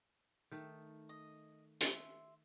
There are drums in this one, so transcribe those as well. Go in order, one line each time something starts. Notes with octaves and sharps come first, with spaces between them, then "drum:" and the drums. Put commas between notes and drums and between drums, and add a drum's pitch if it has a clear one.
D#3 A3
D#5
E5 C6, drum: hi-hat